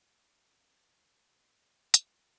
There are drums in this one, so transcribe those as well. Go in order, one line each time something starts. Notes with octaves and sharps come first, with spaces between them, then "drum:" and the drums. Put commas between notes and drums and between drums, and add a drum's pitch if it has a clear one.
F5 A5
drum: hi-hat